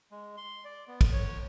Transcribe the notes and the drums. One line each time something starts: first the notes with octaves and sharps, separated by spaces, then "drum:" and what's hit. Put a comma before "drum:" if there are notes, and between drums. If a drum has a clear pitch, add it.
G#3
C6
D5
B3
drum: kick, cymbal
C#5